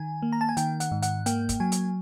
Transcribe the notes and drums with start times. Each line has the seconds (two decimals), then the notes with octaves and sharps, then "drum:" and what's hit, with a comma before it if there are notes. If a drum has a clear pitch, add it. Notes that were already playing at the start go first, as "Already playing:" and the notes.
Already playing: D#3 G#5
0.22 A#3
0.33 A#5
0.41 A5
0.49 G#5
0.57 D#3 G5, drum: hi-hat
0.80 F#5, drum: hi-hat
0.91 G#2
1.02 F#5, drum: hi-hat
1.26 A#3 G5, drum: hi-hat
1.49 drum: kick, hi-hat
1.60 F#3 G#5
1.72 drum: hi-hat